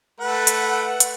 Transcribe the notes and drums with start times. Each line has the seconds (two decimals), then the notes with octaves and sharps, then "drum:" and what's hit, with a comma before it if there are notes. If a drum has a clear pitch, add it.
0.20 A3 B4 F#5
0.47 drum: hi-hat
1.00 drum: hi-hat